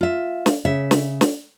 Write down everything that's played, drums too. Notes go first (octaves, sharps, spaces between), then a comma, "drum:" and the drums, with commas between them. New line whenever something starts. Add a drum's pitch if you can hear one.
F4 E5
drum: snare
C#3 E5
drum: snare
drum: snare